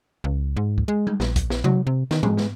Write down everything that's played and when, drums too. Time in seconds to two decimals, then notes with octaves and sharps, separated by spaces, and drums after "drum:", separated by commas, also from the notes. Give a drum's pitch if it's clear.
0.24 C#2
0.57 G#2
0.78 drum: kick
0.88 G#3
1.07 drum: tom G3
1.20 A#1, drum: snare
1.36 drum: kick, hi-hat
1.50 drum: snare
1.64 F#3, drum: tom C3
1.87 C3
2.11 D#3, drum: snare
2.23 G#3, drum: tom G#2
2.37 drum: snare